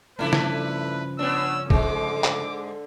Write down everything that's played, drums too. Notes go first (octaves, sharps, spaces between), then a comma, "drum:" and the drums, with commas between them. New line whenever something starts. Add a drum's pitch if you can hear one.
G2 C#3 F3 A3 D4 E4 B4
drum: snare
B3 C#4 D4 E6
G#2 D3 G#3 D6, drum: kick
drum: clap